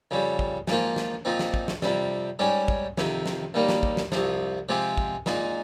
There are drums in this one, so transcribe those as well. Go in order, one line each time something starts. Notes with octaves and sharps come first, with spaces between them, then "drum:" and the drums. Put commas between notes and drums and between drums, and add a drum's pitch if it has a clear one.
F2 C#3 G3
drum: kick
G#2 F3 A#3 F4, drum: snare
drum: snare
A#2 F3 C4 D#4
drum: snare
drum: kick
drum: snare
F2 C3 G3, drum: snare
G#2 G3 C#4 G4
drum: kick
F2 C3 D#3, drum: snare
drum: snare
D#2 D#3 G3 A#3
drum: snare
drum: kick
drum: snare
C2 C3 F3, drum: snare
C3 F3 G#3 C4 G4
drum: kick
A#2 G#3 D#4, drum: snare